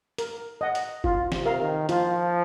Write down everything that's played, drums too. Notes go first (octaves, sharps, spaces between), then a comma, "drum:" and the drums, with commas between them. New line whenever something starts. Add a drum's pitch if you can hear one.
A#4, drum: hi-hat
D#5 F#5
drum: hi-hat
F4, drum: kick F#1
C3, drum: snare
A#4 F5
D#3
F3 F4, drum: hi-hat